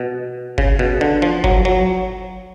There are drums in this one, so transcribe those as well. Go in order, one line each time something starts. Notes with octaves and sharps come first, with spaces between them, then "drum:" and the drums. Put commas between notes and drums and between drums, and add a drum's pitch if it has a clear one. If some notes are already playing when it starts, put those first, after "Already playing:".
Already playing: B2
C#3, drum: kick G1
B2
D3
F3
F#3, drum: kick G1
F#3